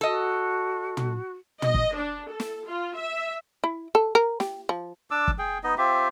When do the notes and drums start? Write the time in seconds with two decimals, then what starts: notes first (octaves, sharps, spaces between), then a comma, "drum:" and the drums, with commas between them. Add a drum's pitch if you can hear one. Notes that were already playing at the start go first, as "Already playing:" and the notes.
0.01 F#4 A4 D#5
0.97 drum: tom
1.62 D#5, drum: tom
1.74 drum: kick F#1
1.94 D4
2.29 A4
2.40 drum: snare
2.66 F4
2.95 E5
3.64 E4
3.95 A4
4.15 A#4
4.40 G4, drum: snare
4.69 F3
5.11 D4 D6 E6
5.28 drum: kick F#1
5.39 G#4 G5
5.64 B3 D#4 D#5
5.78 C4 F4 G4 E5